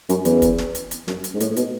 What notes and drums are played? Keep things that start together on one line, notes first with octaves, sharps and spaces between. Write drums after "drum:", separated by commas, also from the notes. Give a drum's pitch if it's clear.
F#2, drum: hi-hat
E2, drum: hi-hat
drum: kick, hi-hat
drum: snare
drum: hi-hat
drum: hi-hat
F#2, drum: snare
drum: hi-hat
G#2
A2, drum: hi-hat
A2
B2, drum: hi-hat